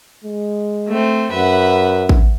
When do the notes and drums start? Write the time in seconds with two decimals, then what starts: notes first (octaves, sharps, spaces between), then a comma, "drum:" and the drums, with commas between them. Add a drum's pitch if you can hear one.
0.24 G#3
0.88 A3 C4
1.32 F#2 B4 E5 F#5
2.09 drum: kick A1